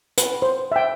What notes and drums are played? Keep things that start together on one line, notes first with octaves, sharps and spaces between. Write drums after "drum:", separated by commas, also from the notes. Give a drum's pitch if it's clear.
B4, drum: hi-hat
C5
E5 G5